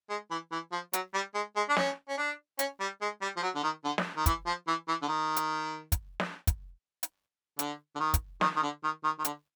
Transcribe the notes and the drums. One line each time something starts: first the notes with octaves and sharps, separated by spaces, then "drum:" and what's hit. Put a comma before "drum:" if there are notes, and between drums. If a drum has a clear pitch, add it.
G#3
E3
E3
F3
F#3, drum: hi-hat
G3
G#3
G#3
D4
C#4, drum: snare
C#4
D4
C#4, drum: hi-hat
G3
G#3
G3
F3
F#3
D3
D#3
D3
drum: snare
D#3
E3, drum: kick, hi-hat
F3
E3
E3
D3
D#3
drum: hi-hat
drum: kick, hi-hat
drum: snare
drum: kick, hi-hat
drum: hi-hat
D3, drum: hi-hat
D3
D#3
drum: kick, hi-hat
D#3, drum: snare
D#3
D3
D#3
D#3
D#3
D3, drum: hi-hat